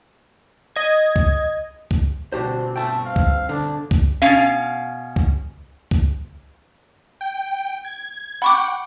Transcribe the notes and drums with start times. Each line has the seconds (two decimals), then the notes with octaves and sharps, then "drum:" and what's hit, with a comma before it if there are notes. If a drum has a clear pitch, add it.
0.76 D#5 G#6
1.16 drum: kick C2
1.91 drum: kick C2
2.32 G1 B2 C4 D4 F#4 G4 C5
2.76 A3 G5 A5
3.05 F5
3.16 drum: kick C2
3.49 D3 D4
3.91 drum: kick C2
4.22 B2 C#4 F5
5.16 drum: kick C2
5.91 drum: kick C2
7.21 G5
7.85 G#6
8.42 F#5 G5 B5 C#6 D6